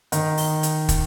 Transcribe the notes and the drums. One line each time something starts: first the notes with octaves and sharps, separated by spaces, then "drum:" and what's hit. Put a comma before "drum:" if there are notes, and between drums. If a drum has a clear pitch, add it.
D#3, drum: hi-hat
drum: open hi-hat
drum: hi-hat
drum: kick, hi-hat